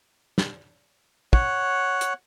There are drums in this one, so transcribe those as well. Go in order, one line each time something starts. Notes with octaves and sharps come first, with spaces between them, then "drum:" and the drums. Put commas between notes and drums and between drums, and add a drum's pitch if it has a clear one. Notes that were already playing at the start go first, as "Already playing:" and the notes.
drum: snare
C#5 F#5, drum: kick
drum: hi-hat